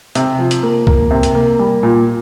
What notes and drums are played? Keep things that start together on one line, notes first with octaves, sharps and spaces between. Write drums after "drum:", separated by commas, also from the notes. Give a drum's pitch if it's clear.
C3, drum: hi-hat
F3
drum: hi-hat
A#3
A#3, drum: kick C2
C3
drum: hi-hat
A#3
G3
A#2